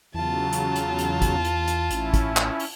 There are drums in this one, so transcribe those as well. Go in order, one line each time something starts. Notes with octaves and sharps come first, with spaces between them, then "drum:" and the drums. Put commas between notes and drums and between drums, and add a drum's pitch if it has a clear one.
E2 C#3 F#3 F4 A5
drum: hi-hat
drum: hi-hat
drum: hi-hat
drum: kick, hi-hat
drum: hi-hat
drum: hi-hat
A1 C#4 E4, drum: hi-hat
drum: kick, hi-hat
drum: clap
drum: open hi-hat